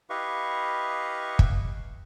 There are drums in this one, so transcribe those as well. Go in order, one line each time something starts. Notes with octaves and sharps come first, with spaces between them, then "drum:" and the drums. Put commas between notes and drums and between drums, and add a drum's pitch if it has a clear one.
E4 G4 B4 D#5 F5 C#6
drum: kick